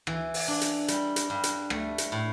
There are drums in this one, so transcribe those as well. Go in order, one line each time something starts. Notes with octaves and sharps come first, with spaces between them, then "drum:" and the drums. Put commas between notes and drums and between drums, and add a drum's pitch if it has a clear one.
E3, drum: rim click
drum: open hi-hat
D4
drum: hi-hat
G3, drum: hi-hat
drum: hi-hat
G2
drum: hi-hat
A3, drum: rim click
drum: hi-hat
A2